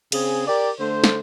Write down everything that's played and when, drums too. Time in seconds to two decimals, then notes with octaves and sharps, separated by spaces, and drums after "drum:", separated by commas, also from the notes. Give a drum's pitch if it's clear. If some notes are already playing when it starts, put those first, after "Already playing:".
0.12 C#3 C4 G#4, drum: cymbal
0.47 G4 A#4 D5
0.80 D3 A3 C5
1.04 drum: snare